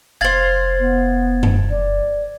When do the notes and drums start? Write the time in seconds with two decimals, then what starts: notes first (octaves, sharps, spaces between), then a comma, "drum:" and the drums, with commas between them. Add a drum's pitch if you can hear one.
0.21 F1 C5 F5 G#6 A6 F#7
0.79 B3
1.43 drum: tom F#2
1.70 D5